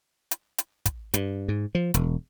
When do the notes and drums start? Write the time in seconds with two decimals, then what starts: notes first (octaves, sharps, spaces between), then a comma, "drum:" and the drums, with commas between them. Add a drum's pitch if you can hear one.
0.31 drum: hi-hat
0.58 drum: hi-hat
0.86 drum: kick, hi-hat
1.14 G2, drum: hi-hat
1.48 G#2
1.75 F3
1.94 E1, drum: hi-hat